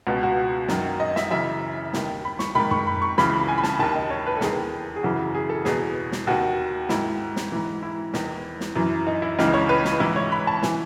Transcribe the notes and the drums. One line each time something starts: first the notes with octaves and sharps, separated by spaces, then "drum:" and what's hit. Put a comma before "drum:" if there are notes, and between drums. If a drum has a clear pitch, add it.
C#2 B2 F#4
F#4
F#2 D#3, drum: snare
D#5
E5, drum: snare
F#2 C#3 E3 E5
D#2 D#3, drum: snare
B5
C#6, drum: snare
G#2 D#3 B5
C#6, drum: tom
B5
C#6
C#2 C#3 E3 B5, drum: snare
G#5
B5
A5, drum: snare
D#2 D#3 A5
D#5
C#5
B4
A4
E2 D#3 G#4, drum: snare
G#4
F#2 C#3 E3 F#4
G#4
A4
E2 B2 G#4, drum: snare
drum: snare
D#2 D#3 F#4
G#2 D#3 E4, drum: snare
drum: snare
G#2 E3
E4
E2 D#3, drum: snare
drum: snare
F#2 E3
D#4
E4
C#2 C#3 E3 D#4, drum: snare
C#5
B4
drum: snare
G#2 E3 E4
C#5
B5
A5
E3 G#5, drum: snare